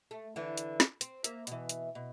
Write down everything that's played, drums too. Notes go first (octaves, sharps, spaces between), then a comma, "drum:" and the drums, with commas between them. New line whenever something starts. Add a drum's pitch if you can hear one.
A3
D3 E3 E4
drum: hi-hat
drum: snare
C4, drum: hi-hat
A#3 E5, drum: hi-hat
B2 E3, drum: hi-hat
drum: hi-hat
B2